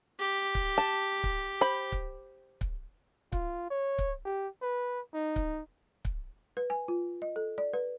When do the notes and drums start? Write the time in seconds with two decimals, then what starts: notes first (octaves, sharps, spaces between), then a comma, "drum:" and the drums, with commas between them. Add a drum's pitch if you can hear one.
0.19 G4
0.55 drum: kick C#1
0.78 A5
1.24 drum: kick C#1
1.61 C5 B5
1.92 drum: kick C#1
2.61 drum: kick C#1
3.32 F4, drum: kick C#1
3.70 C#5
3.98 drum: kick C#1
4.25 G4
4.62 B4
5.14 D#4
5.36 drum: kick C#1
6.05 drum: kick C#1
6.57 B4
6.70 G#5
6.88 F4
7.22 D#5
7.36 A4
7.58 D5
7.73 B4